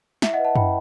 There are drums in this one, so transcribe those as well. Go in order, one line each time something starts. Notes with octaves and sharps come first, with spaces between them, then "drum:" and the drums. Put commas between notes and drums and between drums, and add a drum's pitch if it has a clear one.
E4 E5, drum: snare
D#5 F#5
B4
F#5 A5
E4 G5 B5, drum: tom F#2